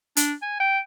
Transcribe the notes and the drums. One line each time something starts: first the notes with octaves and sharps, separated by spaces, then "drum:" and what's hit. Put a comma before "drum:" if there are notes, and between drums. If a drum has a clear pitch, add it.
D4, drum: hi-hat
G#5
G5